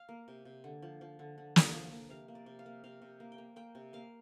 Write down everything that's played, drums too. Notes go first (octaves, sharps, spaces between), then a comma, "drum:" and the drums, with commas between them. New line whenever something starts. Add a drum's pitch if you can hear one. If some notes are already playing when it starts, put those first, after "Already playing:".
Already playing: F5
A#3
C3
C3
D3
F3
F3
D3
D3
D3, drum: snare
F3
A#3
C3 F5
A#3
D5
C3
F5
A#3
C3 F5
C3
A#3
G5
A#3
A#3 G5
C3
A#3 F5